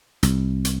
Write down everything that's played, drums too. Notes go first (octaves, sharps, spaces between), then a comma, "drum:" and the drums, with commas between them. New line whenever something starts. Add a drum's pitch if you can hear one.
C2, drum: hi-hat
drum: hi-hat